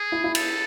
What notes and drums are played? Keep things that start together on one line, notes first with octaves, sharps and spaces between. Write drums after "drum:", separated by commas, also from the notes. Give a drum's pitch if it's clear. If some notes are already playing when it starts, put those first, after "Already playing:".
Already playing: G#4
E4
E4
A4, drum: cymbal